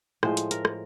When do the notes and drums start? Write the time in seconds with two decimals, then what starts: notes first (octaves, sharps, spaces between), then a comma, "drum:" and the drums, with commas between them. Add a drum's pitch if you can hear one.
0.23 A2 F3 G#3 C5, drum: rim click
0.37 drum: hi-hat
0.51 A#4, drum: hi-hat
0.65 drum: rim click